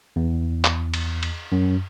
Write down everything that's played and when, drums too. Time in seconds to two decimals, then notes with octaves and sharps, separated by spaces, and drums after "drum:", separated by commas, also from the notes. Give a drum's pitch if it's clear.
0.16 E2
0.64 drum: clap
0.94 drum: cymbal
1.23 drum: cymbal
1.52 F#2